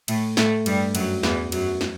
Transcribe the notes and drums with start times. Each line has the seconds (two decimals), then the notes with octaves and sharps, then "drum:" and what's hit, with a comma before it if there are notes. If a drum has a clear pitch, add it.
0.08 A2 A3, drum: cymbal
0.37 A2 A3, drum: snare
0.66 G2 G3, drum: cymbal
0.95 F#2 F#3, drum: cymbal
1.23 E2 E3, drum: snare
1.52 F#2 F#3, drum: cymbal
1.81 drum: snare